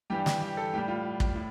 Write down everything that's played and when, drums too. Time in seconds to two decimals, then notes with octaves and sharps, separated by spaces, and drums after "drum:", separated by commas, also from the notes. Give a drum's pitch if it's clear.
0.10 G2 E3 G3 G4
0.26 drum: snare
0.42 G4
0.57 A4
0.74 A2 G3 G4
0.88 F4
1.20 drum: kick
1.35 A2